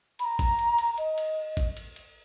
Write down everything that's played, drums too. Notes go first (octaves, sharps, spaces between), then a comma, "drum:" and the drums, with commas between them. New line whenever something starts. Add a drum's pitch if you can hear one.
B5, drum: cymbal
A#5
drum: kick G#1, cymbal
drum: cymbal
drum: cymbal
D#5, drum: cymbal
drum: cymbal
drum: kick G#1, cymbal
drum: cymbal
drum: cymbal